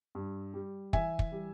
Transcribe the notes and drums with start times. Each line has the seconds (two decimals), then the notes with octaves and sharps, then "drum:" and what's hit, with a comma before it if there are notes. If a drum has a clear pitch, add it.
0.15 G2
0.54 G3
0.93 E3 E5 G#5, drum: kick
1.19 drum: kick
1.32 G3